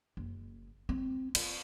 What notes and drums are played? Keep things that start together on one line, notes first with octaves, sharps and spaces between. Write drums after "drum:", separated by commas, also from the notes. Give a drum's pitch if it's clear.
F#1
C4
F4, drum: cymbal